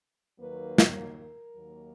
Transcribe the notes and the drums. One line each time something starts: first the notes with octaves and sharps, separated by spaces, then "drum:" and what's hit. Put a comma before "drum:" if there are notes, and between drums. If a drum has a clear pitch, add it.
D#2 D#3 F#3 A#3 B4
drum: snare
A#4
D#2 D#3 F#3 A#3